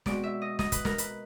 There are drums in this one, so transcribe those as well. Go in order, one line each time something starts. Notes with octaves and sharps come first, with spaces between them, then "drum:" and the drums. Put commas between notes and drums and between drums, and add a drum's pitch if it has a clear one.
B2 G#3 C4 D5, drum: snare
E5
D#5
D#5, drum: snare
B4, drum: kick, hi-hat
A#4, drum: snare
B4, drum: hi-hat